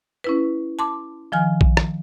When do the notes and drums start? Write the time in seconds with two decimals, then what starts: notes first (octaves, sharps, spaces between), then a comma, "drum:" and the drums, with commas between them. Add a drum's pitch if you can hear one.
0.24 C#4 E4 B4
0.79 A5 C6 D6
1.32 D#3 F3 G#5 F6
1.61 drum: kick A#1
1.77 drum: rim click